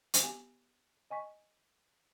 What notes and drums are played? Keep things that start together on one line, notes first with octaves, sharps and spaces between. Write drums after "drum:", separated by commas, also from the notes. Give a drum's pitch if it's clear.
drum: hi-hat
B3 G4 G#5
D#5 G#5 C#6 B6